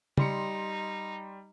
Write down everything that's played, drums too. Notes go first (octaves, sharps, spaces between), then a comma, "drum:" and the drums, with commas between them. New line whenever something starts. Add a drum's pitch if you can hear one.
G3 D#4 C6 C#7, drum: tom